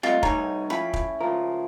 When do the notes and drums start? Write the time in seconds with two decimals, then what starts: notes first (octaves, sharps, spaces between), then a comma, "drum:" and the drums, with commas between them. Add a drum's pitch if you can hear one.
0.03 G3 A3 C4 F4 D#5
0.23 C2 D#4 A4 C#5 G#5 A#5, drum: kick
0.70 F3 C#4 E4 G5 B5
0.93 drum: kick
1.21 C#2 F#2 F3 F4 A#4